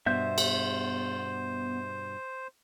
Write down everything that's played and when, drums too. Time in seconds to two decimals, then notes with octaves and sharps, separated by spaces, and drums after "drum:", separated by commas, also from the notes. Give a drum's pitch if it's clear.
0.06 G2 B2 B3 C5 E5 G6
0.38 drum: cymbal